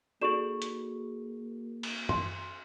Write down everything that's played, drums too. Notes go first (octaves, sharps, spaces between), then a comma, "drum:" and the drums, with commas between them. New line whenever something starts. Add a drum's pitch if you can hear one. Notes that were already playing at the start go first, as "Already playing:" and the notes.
A#3 D#4 F#4 G#4 A4 D5 C#6 E7
drum: hi-hat
drum: cymbal
C6, drum: tom F#2